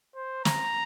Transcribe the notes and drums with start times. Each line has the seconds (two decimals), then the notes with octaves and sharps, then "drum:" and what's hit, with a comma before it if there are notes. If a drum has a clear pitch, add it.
0.16 C5
0.45 A#5, drum: snare